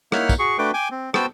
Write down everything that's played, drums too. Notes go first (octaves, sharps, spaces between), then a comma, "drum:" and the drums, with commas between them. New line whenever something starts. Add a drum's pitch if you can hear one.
A#3 D#4 E4 C#5 F#5 F6, drum: rim click
drum: kick, tambourine
F#4 G#4 C#6
A3 D4 F#4 B4 G5 D6
G5 G#5 D6
C4
B3 F#4 C5 G5 A5 E6, drum: rim click